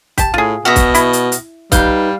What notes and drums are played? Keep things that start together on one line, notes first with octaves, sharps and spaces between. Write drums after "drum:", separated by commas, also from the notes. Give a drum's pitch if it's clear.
G4 A5, drum: kick, hi-hat
A2 F4 G#4
B2 F#4 E5 D#6 F6 A#6
drum: kick, hi-hat
E4, drum: hi-hat
drum: hi-hat
drum: hi-hat
G3 D#4 B4 F5 G6, drum: kick, hi-hat